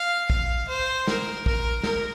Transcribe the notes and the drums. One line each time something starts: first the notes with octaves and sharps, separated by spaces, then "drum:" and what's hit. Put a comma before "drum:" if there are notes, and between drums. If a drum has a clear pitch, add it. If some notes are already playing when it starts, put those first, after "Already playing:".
Already playing: F5
F5, drum: kick
C5
A#4, drum: snare
A#4, drum: kick
A#4, drum: snare